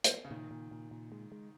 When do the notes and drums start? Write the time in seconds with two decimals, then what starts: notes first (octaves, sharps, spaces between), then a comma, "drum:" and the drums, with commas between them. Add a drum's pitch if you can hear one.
0.04 drum: hi-hat
0.25 C#3
0.31 A#2 D#3
0.51 A#2
0.71 A#2
0.91 A#2
1.12 G#3
1.32 G#3